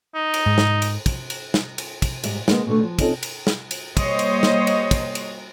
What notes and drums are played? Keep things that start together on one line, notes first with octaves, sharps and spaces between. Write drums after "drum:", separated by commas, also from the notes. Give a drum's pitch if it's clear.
D#4
drum: cymbal
G#2
drum: snare
drum: cymbal
drum: kick, cymbal
drum: cymbal
drum: snare
drum: cymbal
drum: kick, cymbal
G#2 G3 E5, drum: cymbal
D3 G#3 A#3 B3, drum: snare
B2 D3 A3
F3
C4 C#4 D#4 F4 G#4 A4, drum: kick, cymbal
drum: cymbal
drum: snare
drum: cymbal
G3 A#3 C5 C#5 D#5, drum: kick, cymbal
drum: cymbal
drum: snare
drum: cymbal
drum: kick, cymbal
drum: cymbal